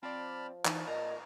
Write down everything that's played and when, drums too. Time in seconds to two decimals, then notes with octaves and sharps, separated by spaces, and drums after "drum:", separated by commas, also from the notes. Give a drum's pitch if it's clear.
0.03 F3 C4 D5 A5 B5 F6
0.65 E3 D#4 A5, drum: clap
0.87 A#2 D#5 A#5